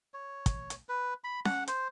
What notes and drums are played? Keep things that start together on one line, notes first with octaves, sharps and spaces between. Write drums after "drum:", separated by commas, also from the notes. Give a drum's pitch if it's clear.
C#5
drum: kick, hi-hat
drum: hi-hat
B4
B5
F#5, drum: snare C#4
C5, drum: hi-hat